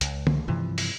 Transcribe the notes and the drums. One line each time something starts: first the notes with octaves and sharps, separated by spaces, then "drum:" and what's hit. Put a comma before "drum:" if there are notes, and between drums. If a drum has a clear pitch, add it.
C#2, drum: hi-hat
drum: tom
G2 C3 E3 F3
drum: open hi-hat